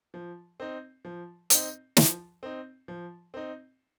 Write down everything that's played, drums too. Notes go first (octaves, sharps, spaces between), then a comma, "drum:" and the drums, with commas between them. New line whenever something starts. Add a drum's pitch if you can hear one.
F3
C4 D#4
F3
C4 D#4, drum: hi-hat
F3, drum: snare
C4 D#4
F3
C4 D#4